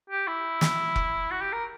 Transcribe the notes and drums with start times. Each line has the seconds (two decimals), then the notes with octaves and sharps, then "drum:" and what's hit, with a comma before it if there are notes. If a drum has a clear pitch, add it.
0.10 G4
0.27 E4
0.61 drum: snare
0.96 drum: kick F1
1.30 F#4
1.41 G4
1.53 A#4